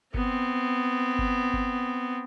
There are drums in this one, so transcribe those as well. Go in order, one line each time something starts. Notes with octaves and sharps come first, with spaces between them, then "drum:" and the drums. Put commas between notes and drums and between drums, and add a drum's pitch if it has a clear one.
B3 C4, drum: kick G1
drum: kick G1
drum: kick G1